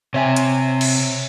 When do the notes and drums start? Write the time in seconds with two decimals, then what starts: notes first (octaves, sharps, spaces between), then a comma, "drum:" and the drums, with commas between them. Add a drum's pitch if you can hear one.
0.14 C3 C#5 E5 G#5
0.36 drum: hi-hat
0.81 drum: cymbal